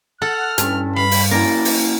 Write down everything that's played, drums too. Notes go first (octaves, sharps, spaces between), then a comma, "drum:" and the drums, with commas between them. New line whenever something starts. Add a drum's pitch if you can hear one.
A4 F#5 F6
G2 C#4 A5, drum: hi-hat
F5 B5
drum: open hi-hat
A#3 C#4 E4 A#4 D5
drum: open hi-hat